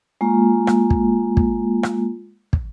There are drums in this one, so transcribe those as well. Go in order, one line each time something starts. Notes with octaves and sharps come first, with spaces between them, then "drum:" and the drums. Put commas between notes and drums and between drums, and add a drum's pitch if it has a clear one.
G#3 A#3 F4
drum: rim click
drum: kick
drum: kick
drum: rim click
drum: kick